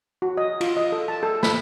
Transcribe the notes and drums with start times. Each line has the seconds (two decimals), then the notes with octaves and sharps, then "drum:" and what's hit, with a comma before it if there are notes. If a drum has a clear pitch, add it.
0.22 F#4
0.37 D#5
0.61 F4, drum: cymbal
0.77 D#5
0.92 A4
1.08 A5
1.23 A4
1.43 B5, drum: snare